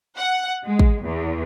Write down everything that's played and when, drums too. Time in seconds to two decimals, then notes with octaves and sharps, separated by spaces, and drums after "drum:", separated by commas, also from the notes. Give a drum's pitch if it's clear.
0.16 F#5
0.65 G#3
0.79 drum: kick
1.03 E2